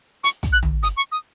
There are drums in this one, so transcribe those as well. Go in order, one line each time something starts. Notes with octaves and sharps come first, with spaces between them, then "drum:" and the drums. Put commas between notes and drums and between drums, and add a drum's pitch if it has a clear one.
C#6, drum: hi-hat
drum: kick, hi-hat
F#6
drum: tom
D#6, drum: hi-hat
C#6
D#6